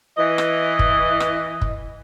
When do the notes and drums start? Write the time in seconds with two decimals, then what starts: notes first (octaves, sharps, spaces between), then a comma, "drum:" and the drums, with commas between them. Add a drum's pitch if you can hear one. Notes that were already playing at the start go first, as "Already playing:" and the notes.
0.18 E3 D#5
0.38 drum: rim click
0.79 drum: kick
1.20 drum: rim click
1.61 drum: kick